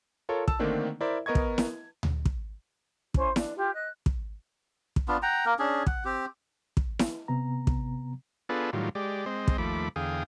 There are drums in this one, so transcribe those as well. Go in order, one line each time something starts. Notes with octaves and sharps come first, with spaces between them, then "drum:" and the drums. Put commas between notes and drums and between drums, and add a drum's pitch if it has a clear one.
F4 A4 A#4 C#5
A5 E6, drum: kick
D3 D#3 A3 A#3 C4 D4
E4 A#4 C5 D5 E5
B3 A#4 D#5 C#6 G#6
drum: kick
drum: snare E4
drum: tom D2
drum: kick
C#4 E4 C5, drum: kick
D4, drum: snare E4
F4 G4
D#5 F#6
drum: kick
drum: kick
B3 D4 F4
F#5 G5 A#5
A#3 A#4
C#4 D4 G#4
F#5, drum: kick
C4 G4
drum: kick
drum: snare E4
C3 B3 A#5
drum: kick
B3 D4 F4 G#4 A4 B4
A2 D#3 F#3 G3 F4
G#3 G4 D5
G#3 C4 C5 D#5
drum: kick
D#2 F3 A3 B5 D6
E2 D3 G#4 F5 G5 D#6